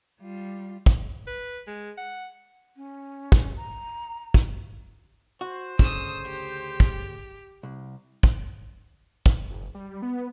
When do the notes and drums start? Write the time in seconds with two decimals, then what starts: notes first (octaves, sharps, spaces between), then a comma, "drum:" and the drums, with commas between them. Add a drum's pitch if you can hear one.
0.20 G3 F4
0.86 drum: kick
1.27 B4
1.67 G#3
1.98 F#5
2.77 C#4
3.32 drum: kick
3.57 A#5
4.34 drum: kick
5.41 F#4 C5
5.79 D2 C#3 D#6 E6, drum: kick
6.26 G4
6.80 drum: kick
7.63 C2
8.23 drum: kick
9.26 drum: kick
9.50 F#1
9.75 G3
10.02 B3